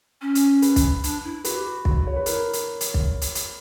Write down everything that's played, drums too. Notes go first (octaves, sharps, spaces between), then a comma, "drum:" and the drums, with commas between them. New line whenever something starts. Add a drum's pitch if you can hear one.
C#4
drum: hi-hat
B4, drum: hi-hat
drum: kick, hi-hat
D4, drum: hi-hat
E4
F#4 B4, drum: hi-hat
G4
F#4
drum: kick
C#5
B4
E4 A#4, drum: hi-hat
drum: hi-hat
drum: hi-hat
drum: kick
drum: hi-hat
drum: hi-hat